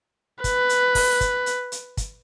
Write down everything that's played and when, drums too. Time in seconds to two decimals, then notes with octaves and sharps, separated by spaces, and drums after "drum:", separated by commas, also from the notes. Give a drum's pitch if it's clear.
0.44 B4, drum: kick, hi-hat
0.69 drum: hi-hat
0.95 drum: kick, open hi-hat
1.21 drum: kick, hi-hat
1.46 drum: hi-hat
1.72 drum: hi-hat
1.97 drum: kick, hi-hat